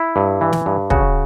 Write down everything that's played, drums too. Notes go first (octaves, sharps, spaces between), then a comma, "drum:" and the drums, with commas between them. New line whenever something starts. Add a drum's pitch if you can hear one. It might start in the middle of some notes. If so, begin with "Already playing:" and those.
Already playing: E4
G2
E3
drum: snare
G2
C#3 F#4, drum: kick